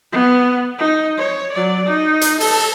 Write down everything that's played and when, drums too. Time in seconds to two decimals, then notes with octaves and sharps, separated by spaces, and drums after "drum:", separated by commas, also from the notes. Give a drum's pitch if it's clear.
0.12 B3
0.78 D#4
1.18 C#5
1.52 F#3 D5
1.86 D#4
2.21 drum: hi-hat
2.40 A4, drum: open hi-hat